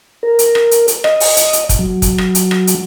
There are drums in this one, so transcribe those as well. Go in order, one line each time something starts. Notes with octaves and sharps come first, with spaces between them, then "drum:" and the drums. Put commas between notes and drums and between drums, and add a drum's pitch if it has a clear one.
A#4
drum: hi-hat
drum: rim click
drum: hi-hat
drum: hi-hat
D#5, drum: rim click
drum: open hi-hat
drum: hi-hat
drum: hi-hat
drum: kick, hi-hat
F#3
drum: kick, hi-hat
drum: rim click
drum: hi-hat
drum: rim click
drum: hi-hat